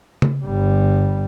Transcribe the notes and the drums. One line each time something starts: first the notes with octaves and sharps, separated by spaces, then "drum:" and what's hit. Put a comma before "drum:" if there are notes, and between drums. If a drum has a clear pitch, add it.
drum: tom C#3
G1 G3